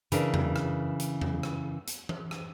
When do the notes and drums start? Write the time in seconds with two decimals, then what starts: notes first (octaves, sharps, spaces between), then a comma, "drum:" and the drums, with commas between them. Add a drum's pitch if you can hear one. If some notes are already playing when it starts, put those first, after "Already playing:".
0.12 C#3 E3 D4 A#4, drum: hi-hat
0.34 drum: tom E2
0.56 drum: rim click
1.00 drum: hi-hat
1.21 drum: tom E2
1.43 drum: rim click
1.87 drum: hi-hat
2.09 drum: tom E3
2.31 drum: rim click